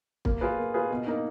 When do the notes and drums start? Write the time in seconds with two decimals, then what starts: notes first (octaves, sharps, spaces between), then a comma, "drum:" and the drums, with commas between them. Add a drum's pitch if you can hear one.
0.25 A#3, drum: kick
0.41 F4 G#4 B4
0.58 A#3
0.74 F4 G#4 B4
0.91 B2
1.07 A#3 D#4